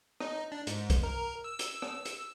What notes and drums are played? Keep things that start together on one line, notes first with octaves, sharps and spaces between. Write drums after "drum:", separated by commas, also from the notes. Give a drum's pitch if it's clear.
D#4, drum: rim click
D4
G#2, drum: hi-hat
drum: kick, hi-hat
A#4
E6
drum: hi-hat
drum: rim click
drum: hi-hat